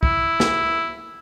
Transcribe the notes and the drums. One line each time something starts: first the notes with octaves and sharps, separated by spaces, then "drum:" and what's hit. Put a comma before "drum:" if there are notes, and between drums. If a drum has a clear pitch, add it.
E4, drum: kick
drum: snare